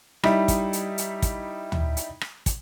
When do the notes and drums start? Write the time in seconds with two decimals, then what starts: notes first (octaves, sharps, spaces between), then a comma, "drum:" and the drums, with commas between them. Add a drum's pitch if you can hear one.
0.24 G3 D#4 E4, drum: rim click
0.48 drum: kick, hi-hat
0.73 drum: hi-hat
0.98 drum: hi-hat
1.22 drum: kick, hi-hat
1.72 drum: tom
1.97 drum: hi-hat
2.21 drum: rim click
2.46 drum: kick, hi-hat